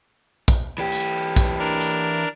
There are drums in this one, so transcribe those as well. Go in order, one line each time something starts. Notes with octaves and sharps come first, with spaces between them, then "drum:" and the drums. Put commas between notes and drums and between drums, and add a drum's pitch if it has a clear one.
drum: kick, tambourine
E3 G4
drum: tambourine
drum: kick, tambourine
D4 A#4
drum: tambourine